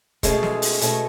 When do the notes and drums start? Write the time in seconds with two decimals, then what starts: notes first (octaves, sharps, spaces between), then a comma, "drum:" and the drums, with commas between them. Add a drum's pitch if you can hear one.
0.23 B2 G#3 A3 C#4 G#4, drum: kick, hi-hat
0.43 drum: snare
0.62 drum: open hi-hat
0.81 B2 A3 C#4, drum: hi-hat